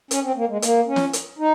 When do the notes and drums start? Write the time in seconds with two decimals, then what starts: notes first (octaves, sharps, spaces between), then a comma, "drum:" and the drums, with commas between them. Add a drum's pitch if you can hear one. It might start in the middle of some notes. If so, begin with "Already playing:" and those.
0.11 C#4, drum: hi-hat
0.23 C4
0.36 A#3
0.49 G#3
0.62 A#3, drum: hi-hat
0.87 C#4
0.96 drum: snare
1.13 drum: hi-hat
1.39 D#4